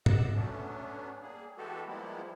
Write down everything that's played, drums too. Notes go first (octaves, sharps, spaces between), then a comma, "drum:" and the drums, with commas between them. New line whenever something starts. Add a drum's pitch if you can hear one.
D5 D#5 F#5 E6, drum: tom G#2
F#3 A3 B3 C#4 D4
G3 A#3 G#4
E3 G#3 B3 F#4 G4 A4
F3 G3 G#3 A#3 B3 E4